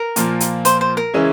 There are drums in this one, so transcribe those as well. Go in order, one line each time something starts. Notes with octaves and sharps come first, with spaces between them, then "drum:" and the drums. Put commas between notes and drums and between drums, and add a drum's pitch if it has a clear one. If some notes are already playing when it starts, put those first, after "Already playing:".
Already playing: A#4
A#2 F3 A#3, drum: hi-hat
drum: hi-hat
C5, drum: hi-hat
C5
A#4
C#3 E3 G#3 C#4 E4